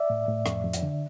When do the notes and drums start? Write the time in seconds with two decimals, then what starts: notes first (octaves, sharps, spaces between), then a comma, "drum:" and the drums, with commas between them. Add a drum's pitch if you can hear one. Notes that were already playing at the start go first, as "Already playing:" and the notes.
Already playing: D5 E5
0.10 A2
0.28 A2
0.46 F2, drum: rim click
0.64 F2
0.73 drum: hi-hat
0.83 D3